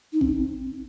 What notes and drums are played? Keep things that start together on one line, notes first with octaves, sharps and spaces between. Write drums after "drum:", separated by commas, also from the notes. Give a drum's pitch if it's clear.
D#4
C4, drum: kick